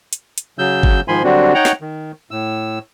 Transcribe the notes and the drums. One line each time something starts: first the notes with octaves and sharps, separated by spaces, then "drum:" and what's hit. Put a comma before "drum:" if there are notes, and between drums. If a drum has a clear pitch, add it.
drum: hi-hat
drum: hi-hat
C#3 F#3 E6 G6
drum: kick G1
G#2 D#3 F3 G#5 B5 C6
D3 F#3 G3 C4 D4 F#4
D#4 C#5 F#5 G5 A#5
drum: snare
D#3
A2 E6